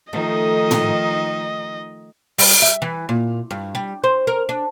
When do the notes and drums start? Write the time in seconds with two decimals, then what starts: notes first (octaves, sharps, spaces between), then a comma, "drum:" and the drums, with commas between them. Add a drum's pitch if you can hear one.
0.13 D#3 F3 A3 D#4 D#5
0.71 drum: tom
2.38 G3, drum: open hi-hat
2.62 E5
2.82 E3
3.09 A#2
3.51 G2
3.75 G3
4.04 C5
4.27 A#4
4.49 D4